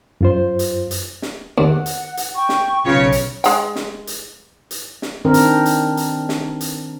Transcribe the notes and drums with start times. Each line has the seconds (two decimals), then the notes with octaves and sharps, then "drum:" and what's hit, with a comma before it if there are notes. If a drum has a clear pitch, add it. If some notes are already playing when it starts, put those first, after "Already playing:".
0.21 F#2 F4 C5
0.59 drum: hi-hat
0.91 drum: hi-hat
1.22 drum: snare
1.58 D#2 F#5
1.86 drum: hi-hat
2.17 drum: hi-hat
2.34 G5 C#6
2.49 drum: snare
2.85 B1 C#3 F4 C#5
3.12 drum: hi-hat
3.44 G#3 G5, drum: hi-hat
3.76 drum: snare
4.07 drum: hi-hat
4.71 drum: hi-hat
5.02 drum: snare
5.25 D#3 C4 D4 A#4
5.34 drum: hi-hat
5.66 drum: hi-hat
5.97 drum: hi-hat
6.29 drum: snare
6.61 drum: hi-hat